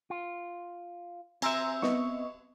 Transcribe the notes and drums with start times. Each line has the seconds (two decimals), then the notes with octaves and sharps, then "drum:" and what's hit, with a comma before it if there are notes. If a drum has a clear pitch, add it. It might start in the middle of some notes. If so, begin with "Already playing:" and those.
0.10 F4
1.42 C4 E5 G#5 A#5 C6, drum: cymbal
1.82 B3 D#5 C#6, drum: snare